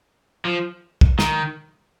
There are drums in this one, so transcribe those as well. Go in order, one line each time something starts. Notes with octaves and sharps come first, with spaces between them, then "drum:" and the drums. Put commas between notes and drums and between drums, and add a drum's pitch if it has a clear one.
F3
drum: kick
D#3, drum: snare